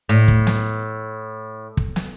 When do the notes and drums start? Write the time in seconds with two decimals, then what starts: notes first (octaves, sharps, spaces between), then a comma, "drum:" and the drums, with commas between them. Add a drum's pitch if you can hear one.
0.09 A2
0.28 drum: kick
0.47 drum: snare
1.77 drum: kick
1.96 drum: snare